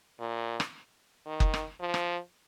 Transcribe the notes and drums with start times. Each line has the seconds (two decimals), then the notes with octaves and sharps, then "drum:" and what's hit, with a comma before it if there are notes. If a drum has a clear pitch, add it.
0.20 A#2
0.60 drum: rim click
1.26 D#3
1.40 drum: kick F#1
1.54 drum: rim click
1.80 F3
1.94 drum: rim click